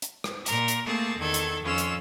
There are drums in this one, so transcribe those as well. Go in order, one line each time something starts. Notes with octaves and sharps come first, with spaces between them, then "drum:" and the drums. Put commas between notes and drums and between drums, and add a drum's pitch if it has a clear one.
drum: hi-hat
drum: rim click
A#2 A#4, drum: hi-hat
drum: hi-hat
A3 A#3 C4 G#4 A5
E2 D#3 A4 G#6
drum: hi-hat
F2 C#4 F4 E6
drum: hi-hat